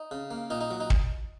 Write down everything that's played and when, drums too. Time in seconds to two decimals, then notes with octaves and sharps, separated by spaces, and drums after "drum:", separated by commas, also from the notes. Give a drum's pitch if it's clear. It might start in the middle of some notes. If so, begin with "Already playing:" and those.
Already playing: D#4
0.11 C#3
0.31 A#3
0.50 A#2 D#4
0.61 D#4
0.71 F#3
0.80 D#4
0.90 drum: kick